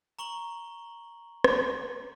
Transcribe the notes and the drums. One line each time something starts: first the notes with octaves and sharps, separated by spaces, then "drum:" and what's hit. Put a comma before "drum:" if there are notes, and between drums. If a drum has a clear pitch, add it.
A#5 C#6 F#7 G7
drum: rim click